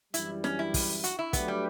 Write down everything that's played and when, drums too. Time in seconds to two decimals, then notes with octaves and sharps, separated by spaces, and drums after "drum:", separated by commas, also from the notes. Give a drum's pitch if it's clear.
0.14 F#2 E3 G3 E4, drum: hi-hat
0.44 C#4, drum: snare
0.59 E4
0.74 drum: kick, open hi-hat
1.04 F#4, drum: hi-hat
1.19 E4
1.33 F#3 A3 B3 D4 G4 B4, drum: kick, hi-hat
1.48 G3